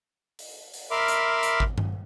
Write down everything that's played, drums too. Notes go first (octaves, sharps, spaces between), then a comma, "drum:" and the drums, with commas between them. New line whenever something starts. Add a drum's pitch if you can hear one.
drum: open hi-hat
drum: open hi-hat
A#4 E5 B5 C6 D6 F6
drum: hi-hat
drum: hi-hat
drum: kick G#1
drum: tom G2